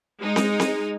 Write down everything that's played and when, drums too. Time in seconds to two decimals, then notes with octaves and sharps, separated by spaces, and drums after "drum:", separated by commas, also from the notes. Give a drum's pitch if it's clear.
0.19 G#3 D#4
0.36 drum: snare C4
0.60 drum: snare C4